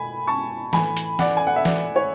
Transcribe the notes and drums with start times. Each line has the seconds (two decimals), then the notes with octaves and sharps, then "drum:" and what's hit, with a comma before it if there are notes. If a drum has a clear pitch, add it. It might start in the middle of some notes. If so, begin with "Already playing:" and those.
Already playing: B2 G#5 B5
0.27 A5 C#6
0.73 A2 E3 G#5 B5, drum: snare E3
0.96 drum: hi-hat
1.19 D5 F#5, drum: snare E3
1.37 G#5
1.47 F#5
1.56 E5
1.65 D5, drum: snare E3
1.96 C#5